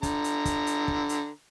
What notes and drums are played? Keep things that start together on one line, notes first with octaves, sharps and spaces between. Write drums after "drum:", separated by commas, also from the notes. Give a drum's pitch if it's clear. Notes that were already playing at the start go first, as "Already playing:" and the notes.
D3 A#5, drum: kick, hi-hat
drum: hi-hat
drum: kick, hi-hat
drum: hi-hat
drum: kick
drum: hi-hat